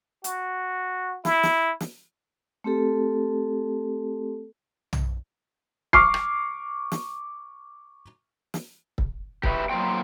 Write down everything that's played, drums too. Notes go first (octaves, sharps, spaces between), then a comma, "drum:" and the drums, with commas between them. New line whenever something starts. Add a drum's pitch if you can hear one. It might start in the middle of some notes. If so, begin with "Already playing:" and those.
F#4, drum: hi-hat
E4, drum: snare
drum: snare
drum: snare
A3 C4 G4 A4
drum: tom
C#6 D6 F6 C7, drum: kick
drum: rim click
drum: snare
drum: snare
drum: kick
G4 B4 E5, drum: kick
F#3 A#3 F4 C5 G5